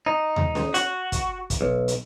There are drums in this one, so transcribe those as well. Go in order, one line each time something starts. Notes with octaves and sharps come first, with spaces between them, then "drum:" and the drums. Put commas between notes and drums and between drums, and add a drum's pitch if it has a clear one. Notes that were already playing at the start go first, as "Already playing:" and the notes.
D#4
drum: tom D#2
drum: snare
F#4, drum: hi-hat
drum: kick, hi-hat
drum: kick, hi-hat
B1
drum: hi-hat